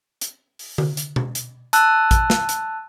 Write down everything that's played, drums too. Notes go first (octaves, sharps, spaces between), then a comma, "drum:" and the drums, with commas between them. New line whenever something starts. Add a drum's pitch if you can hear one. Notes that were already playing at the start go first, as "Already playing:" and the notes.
drum: hi-hat
drum: open hi-hat
drum: tom D3
drum: hi-hat
drum: tom B2
drum: hi-hat
A5 E6 F#6, drum: hi-hat
drum: kick, hi-hat
drum: snare
drum: hi-hat